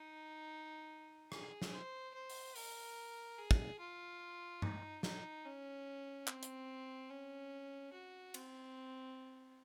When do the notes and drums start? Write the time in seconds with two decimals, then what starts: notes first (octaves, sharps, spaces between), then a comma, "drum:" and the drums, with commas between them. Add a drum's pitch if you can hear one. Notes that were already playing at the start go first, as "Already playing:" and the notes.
Already playing: D#4
1.32 G#4, drum: rim click
1.62 drum: snare
1.73 C5
2.14 C5
2.30 drum: open hi-hat
2.56 A#4, drum: open hi-hat
3.38 G#4
3.51 drum: kick
3.80 F4
4.62 D#4, drum: tom G2
5.03 D#4, drum: snare
5.45 C#4
6.27 C4, drum: clap
6.43 drum: hi-hat
7.10 C#4
7.93 F#4
8.34 C4, drum: cymbal